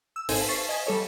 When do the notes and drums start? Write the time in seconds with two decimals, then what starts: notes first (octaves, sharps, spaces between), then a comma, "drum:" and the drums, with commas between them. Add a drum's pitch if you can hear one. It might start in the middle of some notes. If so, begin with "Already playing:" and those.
0.16 E6
0.29 G#1 D#4 A4 C5 G#5 D#7, drum: open hi-hat
0.49 C#6 A6 C7
0.69 D#5 G#5
0.87 G3 A4 C#5